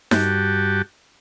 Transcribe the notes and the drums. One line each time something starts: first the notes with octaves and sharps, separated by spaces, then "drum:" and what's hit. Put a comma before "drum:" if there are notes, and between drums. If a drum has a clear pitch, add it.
G2 F#4 G4 A5, drum: snare D#4